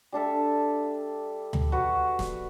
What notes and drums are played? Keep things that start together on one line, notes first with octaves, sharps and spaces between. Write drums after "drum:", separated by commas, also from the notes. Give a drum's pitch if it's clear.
G3 D4 A4 E5
drum: tom D2
F#4 B4 F#5
drum: snare